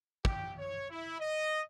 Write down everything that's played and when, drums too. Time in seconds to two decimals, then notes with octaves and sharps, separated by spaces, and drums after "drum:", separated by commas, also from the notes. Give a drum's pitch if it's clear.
0.25 G4, drum: kick
0.58 C#5
0.90 E4
1.19 D#5